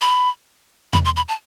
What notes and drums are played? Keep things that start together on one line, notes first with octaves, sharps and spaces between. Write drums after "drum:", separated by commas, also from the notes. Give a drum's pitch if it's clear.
B5
B5, drum: tom E2
C6
B5
A5